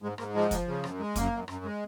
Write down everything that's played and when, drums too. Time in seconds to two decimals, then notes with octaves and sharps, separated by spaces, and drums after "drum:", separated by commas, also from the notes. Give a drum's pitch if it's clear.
0.02 G#2 G#3
0.18 G#2 A#3, drum: rim click
0.34 F3 G#3
0.51 F3, drum: kick, hi-hat
0.68 C#3
0.84 F#2, drum: rim click
1.00 G#3
1.16 F#2 A#3, drum: kick, hi-hat
1.32 F#2
1.48 F#2, drum: rim click
1.65 G#3